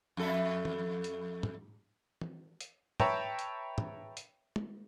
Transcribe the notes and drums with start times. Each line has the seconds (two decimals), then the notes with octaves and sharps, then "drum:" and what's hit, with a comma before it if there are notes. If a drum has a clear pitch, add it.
0.17 F2 A4 E5
0.65 drum: tom
1.04 drum: hi-hat
1.43 drum: tom
2.21 drum: tom
2.61 drum: hi-hat
3.00 B4 C#5 E5 G5 A5 A#5, drum: tom
3.39 drum: hi-hat
3.78 drum: tom
4.17 drum: hi-hat
4.56 drum: tom